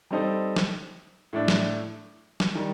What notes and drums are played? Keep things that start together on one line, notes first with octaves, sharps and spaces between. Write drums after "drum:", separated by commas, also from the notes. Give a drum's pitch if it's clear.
G3 C4 D#4 A4 C5
drum: snare
A2 A3 D4
drum: snare
drum: snare
D#3 G3